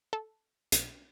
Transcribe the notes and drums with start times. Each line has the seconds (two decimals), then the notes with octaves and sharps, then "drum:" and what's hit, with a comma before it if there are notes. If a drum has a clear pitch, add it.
0.13 A4
0.72 B1, drum: hi-hat